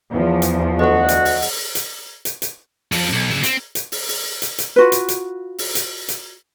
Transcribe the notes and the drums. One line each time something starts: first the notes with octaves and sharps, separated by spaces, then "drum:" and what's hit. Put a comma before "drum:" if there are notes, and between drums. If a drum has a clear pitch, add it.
E2 F3
drum: hi-hat
D2 F#4 D#5 F#5
drum: hi-hat
drum: open hi-hat
drum: open hi-hat
drum: hi-hat
drum: hi-hat
drum: hi-hat
F2 F3, drum: open hi-hat
B1
C#3 E5
C4, drum: hi-hat
drum: hi-hat
drum: open hi-hat
drum: open hi-hat
drum: hi-hat
drum: hi-hat
F4 F#4 B4
drum: hi-hat
drum: hi-hat
drum: open hi-hat
drum: hi-hat
drum: hi-hat